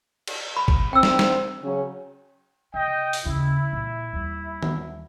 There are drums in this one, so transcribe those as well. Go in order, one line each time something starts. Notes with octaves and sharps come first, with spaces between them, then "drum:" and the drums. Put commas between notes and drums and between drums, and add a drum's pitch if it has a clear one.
drum: cymbal
B5
drum: kick G#1
C4 G5 E6
drum: snare
drum: snare
C#3 F#3 C#4
C3 D#5 G5
drum: open hi-hat
D#2 C#3 E4
A#2 A#3
D#2 G3
drum: tom D#3